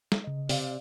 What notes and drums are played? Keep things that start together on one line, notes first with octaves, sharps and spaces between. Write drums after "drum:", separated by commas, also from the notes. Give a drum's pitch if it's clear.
drum: snare
C#3 D#5
C3 D5 F5, drum: open hi-hat